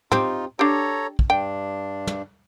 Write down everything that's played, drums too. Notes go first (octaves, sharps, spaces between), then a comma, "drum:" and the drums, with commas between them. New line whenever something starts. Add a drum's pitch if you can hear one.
C4 D#4 F4 G4, drum: tom
D4 G4 A4 C#5 A#5
drum: kick
G2 D4 G5
drum: tom